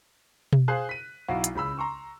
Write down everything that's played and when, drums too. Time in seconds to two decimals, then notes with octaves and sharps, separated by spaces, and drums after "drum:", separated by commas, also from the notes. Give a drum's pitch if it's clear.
0.53 drum: tom B2
0.68 G#4 C5 F5 F#6
0.89 B6 D#7
1.28 B1 E4 F#4 F5
1.44 drum: hi-hat
1.55 C#2 C#3 B5 E6
1.78 A#5 C6 C#6 E6